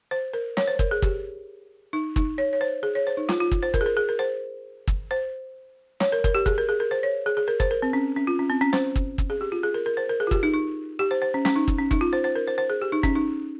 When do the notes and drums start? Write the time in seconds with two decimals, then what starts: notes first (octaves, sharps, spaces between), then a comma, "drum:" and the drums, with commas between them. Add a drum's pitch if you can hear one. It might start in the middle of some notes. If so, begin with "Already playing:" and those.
0.11 C5
0.33 A#4
0.57 C#5, drum: snare
0.68 C5
0.79 A#4, drum: kick
0.91 G#4
1.02 G4, drum: kick
1.93 D#4
2.16 D#4, drum: kick
2.38 C#5
2.53 C#5
2.61 C5
2.83 G#4
2.95 C#5
3.07 C5
3.17 D#4
3.29 F4, drum: snare
3.40 F4
3.51 drum: kick
3.63 C5
3.74 A#4, drum: kick
3.81 G#4
3.86 A#4
3.97 G#4
4.09 A#4
4.19 C5
4.88 drum: kick
5.11 C5
6.00 C#5, drum: snare
6.12 A#4
6.24 A#4, drum: kick
6.35 G4
6.46 G#4, drum: kick
6.58 A#4
6.69 G#4
6.80 A#4
6.91 C5
7.03 C#5
7.26 G#4
7.37 G#4
7.48 A#4
7.60 C5, drum: kick
7.71 A#4
7.82 C4
7.93 C#4
8.16 C#4
8.27 F4
8.39 C#4
8.50 C4
8.61 C#4
8.73 C5, drum: snare
8.96 drum: kick
9.18 drum: kick
9.30 G#4
9.41 G4
9.52 F4
9.64 G#4
9.74 A#4
9.86 A#4
9.97 C5
10.09 A#4
10.20 G#4
10.27 F4
10.31 G4, drum: kick
10.43 D#4
10.54 D#4
10.99 G4
11.11 C5
11.22 C5
11.34 C#4
11.45 C#4, drum: snare
11.56 D#4
11.68 drum: kick
11.79 C#4
11.91 D#4, drum: kick
12.01 F4
12.13 C5
12.24 C5
12.36 A#4
12.47 C5
12.58 C5
12.70 G#4
12.82 G4
12.92 D#4
13.03 C#4, drum: kick
13.15 D#4